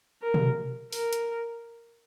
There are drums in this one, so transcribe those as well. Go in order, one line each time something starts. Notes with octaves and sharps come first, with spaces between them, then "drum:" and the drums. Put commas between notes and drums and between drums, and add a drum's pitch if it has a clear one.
A#4
drum: tom B2
A#4, drum: open hi-hat
drum: hi-hat